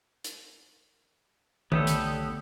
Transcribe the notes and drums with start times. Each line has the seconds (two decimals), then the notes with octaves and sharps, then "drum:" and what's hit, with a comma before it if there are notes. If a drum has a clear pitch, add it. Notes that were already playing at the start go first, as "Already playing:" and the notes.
0.24 drum: hi-hat
1.72 B1 D3 A3 B3 G4 A4 C#5 D#6, drum: tom D#3
1.87 drum: hi-hat